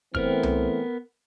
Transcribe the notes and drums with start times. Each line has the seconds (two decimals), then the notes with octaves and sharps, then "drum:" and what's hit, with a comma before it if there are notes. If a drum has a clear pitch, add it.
0.15 E3 A3 B3 C4 A#4 F6, drum: kick
0.43 drum: tom C2